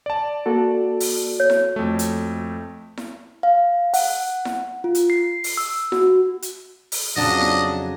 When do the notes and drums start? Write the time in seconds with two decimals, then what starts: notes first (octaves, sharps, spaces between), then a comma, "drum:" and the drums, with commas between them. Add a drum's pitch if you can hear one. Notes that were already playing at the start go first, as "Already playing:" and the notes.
0.06 D5 A5
0.46 A#3 F#4 A4
1.00 drum: open hi-hat
1.40 C#5
1.50 drum: snare E4
1.76 F2 A3
1.99 drum: hi-hat
2.97 drum: snare E4
3.43 F5
3.94 F#5, drum: open hi-hat
4.45 drum: snare E4
4.84 F4
4.95 drum: hi-hat
5.10 C7
5.44 drum: open hi-hat
5.57 E6
5.92 F#4, drum: snare E4
6.42 drum: hi-hat
6.92 drum: open hi-hat
7.16 F2 C#3 F3 F#3 D4 D#5
7.41 drum: snare E4